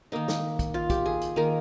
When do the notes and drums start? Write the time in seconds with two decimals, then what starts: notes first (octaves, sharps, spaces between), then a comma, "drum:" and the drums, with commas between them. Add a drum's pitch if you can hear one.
0.12 D#3 A#3 D#4
0.28 drum: snare
0.59 drum: kick, hi-hat
0.74 F4
0.90 G4, drum: kick, hi-hat
1.06 G#4
1.21 drum: hi-hat
1.36 D#3 A#3 A#4